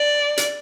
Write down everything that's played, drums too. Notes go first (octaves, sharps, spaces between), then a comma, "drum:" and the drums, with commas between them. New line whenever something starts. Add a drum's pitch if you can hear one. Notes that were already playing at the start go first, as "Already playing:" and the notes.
Already playing: D5
drum: hi-hat